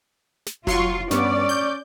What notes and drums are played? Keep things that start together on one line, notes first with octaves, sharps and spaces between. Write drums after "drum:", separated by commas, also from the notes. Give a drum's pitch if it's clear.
drum: snare
F#3 F4 C6 C#6, drum: kick F1
G2 B3 C#4 D5, drum: snare
G6